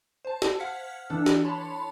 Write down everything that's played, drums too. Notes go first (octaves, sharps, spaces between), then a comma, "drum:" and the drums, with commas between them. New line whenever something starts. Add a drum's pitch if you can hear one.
C5 A5
drum: snare
F5 F#5 F6 G#6 B6 C#7
E3 D4 A4
drum: snare
C#5 A5 B5 C6